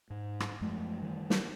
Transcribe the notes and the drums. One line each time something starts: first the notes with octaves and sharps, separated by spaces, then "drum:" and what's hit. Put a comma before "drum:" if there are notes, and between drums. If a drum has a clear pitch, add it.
G#2
drum: rim click
F#2 F3 G#3 A3
D#3 E3 G3 A3
drum: snare